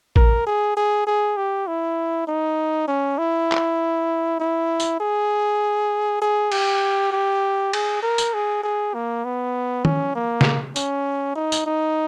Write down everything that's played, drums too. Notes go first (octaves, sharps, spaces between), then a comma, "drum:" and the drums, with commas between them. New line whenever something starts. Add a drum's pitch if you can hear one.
A#4, drum: kick A1
G#4
G#4
G#4
G4
E4
D#4
C#4
E4
drum: clap
E4
drum: tambourine
G#4
G#4
G4, drum: cymbal
G4
G#4, drum: cymbal
A#4
drum: tambourine
G#4
G#4
A#3
B3
C#4, drum: tom D#3
A#3
drum: snare
C#4, drum: tambourine
D#4
drum: tambourine
D#4